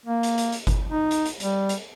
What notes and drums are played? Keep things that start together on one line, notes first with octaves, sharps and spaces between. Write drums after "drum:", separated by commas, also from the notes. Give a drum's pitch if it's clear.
A#3
drum: hi-hat
drum: hi-hat
drum: hi-hat
drum: kick G1, hi-hat
D#4
drum: hi-hat
drum: hi-hat
G3, drum: hi-hat
drum: hi-hat